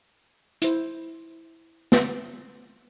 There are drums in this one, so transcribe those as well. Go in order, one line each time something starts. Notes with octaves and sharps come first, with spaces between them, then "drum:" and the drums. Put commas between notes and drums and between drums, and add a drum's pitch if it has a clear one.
E4 C5, drum: hi-hat
drum: snare